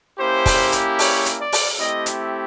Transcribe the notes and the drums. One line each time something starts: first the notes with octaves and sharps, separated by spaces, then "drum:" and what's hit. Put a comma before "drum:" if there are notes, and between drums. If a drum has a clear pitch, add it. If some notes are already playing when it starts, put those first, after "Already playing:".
A#3 C#4 E4 G4 C5
drum: kick, open hi-hat
drum: hi-hat
C#5, drum: open hi-hat
drum: hi-hat
D5
drum: open hi-hat
A3 C4 E4 G4 D#5
drum: hi-hat